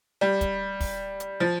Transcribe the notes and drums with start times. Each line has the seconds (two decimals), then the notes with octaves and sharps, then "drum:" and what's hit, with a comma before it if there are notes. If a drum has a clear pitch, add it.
0.21 G3
0.41 drum: kick, hi-hat
0.80 drum: kick, open hi-hat
1.20 drum: hi-hat
1.40 F3